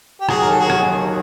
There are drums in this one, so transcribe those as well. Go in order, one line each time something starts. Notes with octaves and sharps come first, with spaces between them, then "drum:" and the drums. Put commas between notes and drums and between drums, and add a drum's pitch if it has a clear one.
G4
D#2 D#3 F#3 F#4 G#4, drum: rim click
A#4
A4
F#4 G#4
drum: rim click